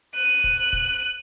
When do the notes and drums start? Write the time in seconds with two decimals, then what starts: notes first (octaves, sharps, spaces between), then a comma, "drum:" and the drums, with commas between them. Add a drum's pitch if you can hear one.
0.15 F#6 D#7
0.44 drum: kick
0.73 drum: kick